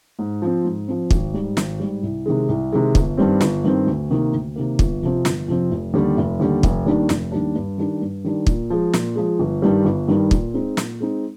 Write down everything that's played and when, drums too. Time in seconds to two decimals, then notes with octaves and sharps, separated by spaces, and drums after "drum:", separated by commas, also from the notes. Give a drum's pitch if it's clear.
0.19 G#2
0.42 F3 C4
0.65 G#2
0.88 F3 C4
1.11 G#1, drum: kick
1.34 G#2 G3
1.57 G#1, drum: snare
1.80 G#2 G3
2.03 C2
2.26 C3 D#3 G#3
2.49 C2
2.72 C3 D#3 G#3
2.95 G1, drum: kick
3.17 G2 D#3 G3 C4
3.41 G1, drum: snare
3.64 G2 D#3 G3 C4
3.87 D2
4.10 C3 D#3 A#3
4.33 D2
4.56 C3 D#3 A#3
4.79 G1, drum: kick
5.02 F2 C3 F3 C4
5.25 G1, drum: snare
5.48 F2 C3 F3 C4
5.71 F1
5.94 D#2 D3 G3
6.17 F1
6.40 D#2 D3 G3
6.63 F1, drum: kick
6.86 D#2 D#3 G3 D4
7.09 F1, drum: snare
7.32 D#2 D#3 G3 D4
7.55 G2
7.78 D#3 G3 D4
8.01 G2
8.24 D#3 G3 D4
8.47 A#2, drum: kick
8.70 F3 G#3
8.94 A#2, drum: snare
9.16 F3 G#3
9.39 G1
9.62 G2 D#3 G3
9.85 G1
10.08 G2 D#3 G3
10.31 A#2, drum: kick
10.54 G#3 C4 D#4
10.77 A#2, drum: snare
11.00 G#3 C4 D#4